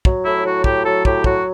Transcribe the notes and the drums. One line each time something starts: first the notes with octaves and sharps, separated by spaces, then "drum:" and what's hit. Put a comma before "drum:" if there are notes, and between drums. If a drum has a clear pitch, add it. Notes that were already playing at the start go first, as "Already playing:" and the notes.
F#3, drum: kick
A2 E4
F#3 F#4
A2 G4, drum: kick
F#3 A4
A2 G4, drum: kick
F#3 F#4, drum: kick